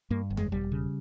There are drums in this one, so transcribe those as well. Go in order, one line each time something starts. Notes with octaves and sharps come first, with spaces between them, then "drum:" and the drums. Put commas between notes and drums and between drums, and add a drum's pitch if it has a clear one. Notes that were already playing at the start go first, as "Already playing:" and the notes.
G2 A#3
G1
G#3, drum: tom E2
E1 G3
C#3